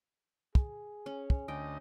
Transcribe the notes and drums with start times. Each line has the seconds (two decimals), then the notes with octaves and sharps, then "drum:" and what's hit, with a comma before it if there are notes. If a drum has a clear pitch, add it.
0.55 G#4, drum: kick
1.06 C#4
1.30 drum: kick
1.48 D2 D#5 G5 G#5